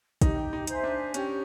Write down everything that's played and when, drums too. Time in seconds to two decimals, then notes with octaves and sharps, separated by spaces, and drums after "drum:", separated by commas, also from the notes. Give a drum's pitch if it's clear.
0.21 D#4 G4, drum: kick, hi-hat
0.53 D#4
0.67 C5 E5 G#5, drum: hi-hat
0.83 D4
1.14 C#4 G4, drum: hi-hat